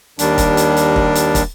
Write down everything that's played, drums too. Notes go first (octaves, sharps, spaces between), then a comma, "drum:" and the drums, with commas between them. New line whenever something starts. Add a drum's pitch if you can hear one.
D#2 D#3 G3 D4, drum: hi-hat
drum: kick, hi-hat
drum: hi-hat
drum: hi-hat
drum: kick
drum: hi-hat
drum: kick, hi-hat